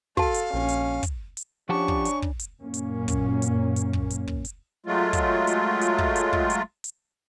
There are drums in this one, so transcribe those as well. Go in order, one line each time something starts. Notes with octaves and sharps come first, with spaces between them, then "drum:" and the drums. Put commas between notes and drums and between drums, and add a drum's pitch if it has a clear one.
F#4 A4 F5 A5, drum: kick
drum: hi-hat
A#1 C#4
drum: hi-hat
drum: kick, hi-hat
drum: hi-hat
C#3 F3 C#4 D4 G4 F#5 A5 C#6
drum: kick
drum: hi-hat
drum: kick
drum: hi-hat
F#2 A#2 A#3 C#4
drum: hi-hat
drum: kick, hi-hat
drum: hi-hat
drum: hi-hat
drum: kick
drum: hi-hat
drum: kick
drum: hi-hat
F#3 G#3 A3 F4
drum: kick, hi-hat
drum: hi-hat
drum: hi-hat
drum: kick
drum: hi-hat
drum: kick
drum: hi-hat
drum: hi-hat